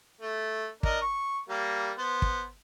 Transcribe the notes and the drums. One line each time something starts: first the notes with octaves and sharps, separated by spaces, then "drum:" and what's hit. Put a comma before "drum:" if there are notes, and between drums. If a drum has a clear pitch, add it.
A3
D4 A#4 D#5, drum: kick
C#6
G3 A#3
B3 C5
drum: kick